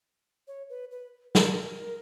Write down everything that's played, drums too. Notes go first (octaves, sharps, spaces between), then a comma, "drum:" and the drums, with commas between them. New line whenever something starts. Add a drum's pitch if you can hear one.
C#5
B4
B4
A#4, drum: snare